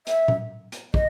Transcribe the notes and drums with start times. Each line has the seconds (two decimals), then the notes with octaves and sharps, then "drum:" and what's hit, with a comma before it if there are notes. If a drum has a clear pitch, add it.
0.07 E5, drum: hi-hat
0.28 drum: tom A#2
0.72 drum: hi-hat
0.94 D#5, drum: kick